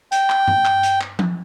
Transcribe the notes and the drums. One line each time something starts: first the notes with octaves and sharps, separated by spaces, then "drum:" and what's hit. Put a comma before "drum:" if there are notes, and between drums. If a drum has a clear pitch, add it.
G5, drum: hi-hat
drum: clap
drum: tom G2
drum: clap
drum: hi-hat
drum: clap
drum: tom F3